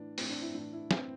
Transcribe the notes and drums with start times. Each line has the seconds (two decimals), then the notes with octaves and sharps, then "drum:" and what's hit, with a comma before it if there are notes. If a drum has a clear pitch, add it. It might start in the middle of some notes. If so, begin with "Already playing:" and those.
Already playing: A2 E3 D4
0.18 A2 E3 C4, drum: open hi-hat
0.29 D4
0.42 E4
0.54 A2 E3 D4
0.73 E4
0.91 A2 E3 C4, drum: snare